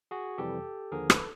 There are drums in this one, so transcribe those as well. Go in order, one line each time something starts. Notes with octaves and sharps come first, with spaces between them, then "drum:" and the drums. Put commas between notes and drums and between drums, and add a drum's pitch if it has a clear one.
F#4 G#4
F2 C3 E3 G3 G4 A4
D#2 D3 F3 G#4 A#4
A4 B4, drum: rim click